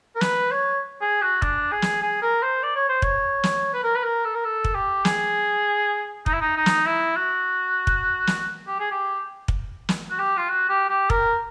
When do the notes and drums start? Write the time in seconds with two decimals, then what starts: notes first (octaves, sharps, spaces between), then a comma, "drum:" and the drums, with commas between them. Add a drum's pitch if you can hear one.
0.16 A#4
0.21 B4, drum: snare
0.51 C#5
1.01 G#4
1.22 F#4
1.42 D4, drum: kick
1.72 G#4
1.82 drum: snare
2.02 G#4
2.22 A#4
2.43 C5
2.63 D5
2.76 C#5
2.89 C5
3.02 C#5, drum: kick
3.44 drum: snare
3.74 B4
3.83 A#4
3.96 B4
4.04 A#4
4.25 A4
4.35 A#4
4.45 A4
4.64 drum: kick
4.75 G4
5.05 G#4, drum: snare
6.26 D#4, drum: kick
6.33 E4
6.41 D#4
6.56 D#4
6.66 drum: snare
6.86 E4
7.16 F#4
7.87 drum: kick
8.27 drum: snare
8.68 G4
8.80 G#4
8.91 G4
9.48 drum: kick
9.89 drum: snare
10.11 F#4
10.19 G4
10.37 F4
10.49 F#4
10.69 G4
10.89 G4
11.10 A#4, drum: kick